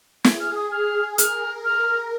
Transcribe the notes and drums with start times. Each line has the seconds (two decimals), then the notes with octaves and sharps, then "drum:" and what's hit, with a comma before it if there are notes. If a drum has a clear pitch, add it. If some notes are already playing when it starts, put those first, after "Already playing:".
0.24 G#4 G#6, drum: snare
0.40 F6
0.56 D#6
0.72 F6
1.18 A#4 F6, drum: hi-hat
1.65 F6